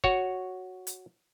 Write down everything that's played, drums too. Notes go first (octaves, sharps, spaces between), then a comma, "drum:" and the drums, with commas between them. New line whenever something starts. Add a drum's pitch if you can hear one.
F#4 C#5, drum: kick
drum: hi-hat